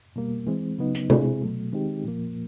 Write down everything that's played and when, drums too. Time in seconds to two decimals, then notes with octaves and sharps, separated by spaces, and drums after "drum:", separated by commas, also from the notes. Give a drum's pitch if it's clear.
0.16 B2 G3 A#3
0.47 E3 G#3 C4
0.79 C#3 F#3 B3 D#4
0.95 drum: hi-hat
1.10 B2 G#3 C4 E4 G#4, drum: tom
1.41 B2 F#3 A3
1.73 D#3 G#3 C4 D#4 G4
2.04 A#2 F3 A#3